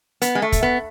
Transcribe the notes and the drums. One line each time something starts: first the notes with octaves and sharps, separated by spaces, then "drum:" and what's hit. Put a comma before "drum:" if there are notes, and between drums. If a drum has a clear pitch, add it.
B3, drum: hi-hat
G#3
A3
drum: kick, hi-hat
B3